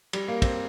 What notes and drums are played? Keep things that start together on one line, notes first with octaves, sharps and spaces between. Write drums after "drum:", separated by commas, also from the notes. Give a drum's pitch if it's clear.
G3, drum: cymbal
A#3
C4, drum: kick, cymbal